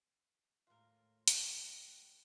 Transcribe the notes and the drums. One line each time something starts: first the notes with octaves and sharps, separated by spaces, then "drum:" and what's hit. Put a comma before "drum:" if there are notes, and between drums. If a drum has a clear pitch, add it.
D#2 A2 F4 A#4
G4 D#5 F#5, drum: hi-hat
F#2